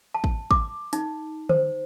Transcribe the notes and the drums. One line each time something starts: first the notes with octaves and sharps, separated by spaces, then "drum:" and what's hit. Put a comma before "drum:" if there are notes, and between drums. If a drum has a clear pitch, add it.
A5
drum: kick
D6, drum: kick
D#4, drum: hi-hat
C5, drum: tom D3